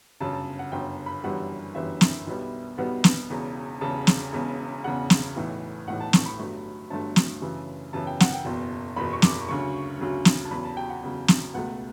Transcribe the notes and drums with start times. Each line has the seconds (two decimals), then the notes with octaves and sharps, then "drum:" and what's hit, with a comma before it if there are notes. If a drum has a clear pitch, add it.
0.20 G1 F#2 C#3 A5
0.33 A5
0.59 F#5
0.72 G1 F#2 C#3 G5
1.06 B5
1.24 G1 F#2 E3 G3 F#5
1.75 G1 F#2 E3 G3 E5
2.01 drum: snare
2.27 B1 B2 G3 B3
2.78 B1 B2 G3 B3 F#5
3.04 drum: snare
3.30 E1 E2 C#3
3.81 E1 E2 C#3 A5
4.07 drum: snare
4.33 E1 E2 C#3
4.84 E1 E2 C#3 F#5
5.10 drum: snare
5.36 B1 A2 E3
5.87 B1 A2 E3 F#5
6.00 A5
6.13 C#6, drum: snare
6.26 B5
6.38 G1 G2 F#3 A3
6.90 G1 G2 F#3 A3 A5
7.16 drum: snare
7.42 F#2 C#3 E3
7.93 F#2 C#3 E3 A5
8.07 G5
8.20 F#5, drum: snare
8.33 G5
8.45 F#1 E2 B2
8.96 F#1 E2 B2 B5
9.13 C#6
9.22 D6, drum: snare
9.48 D2 C#3 F#3 C#6
9.99 D2 C#3 F#3
10.25 drum: snare
10.45 A5
10.51 E2 C#3 F#3 B5
10.64 A5
10.77 G5
10.90 F#5
11.03 E2 C#3 F#3
11.28 drum: snare
11.54 C#2 B2 A3 F#5